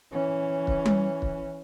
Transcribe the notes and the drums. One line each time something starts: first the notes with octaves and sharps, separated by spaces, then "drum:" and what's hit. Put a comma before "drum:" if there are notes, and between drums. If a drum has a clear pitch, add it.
E3 C#4
drum: kick
drum: tom G3
drum: kick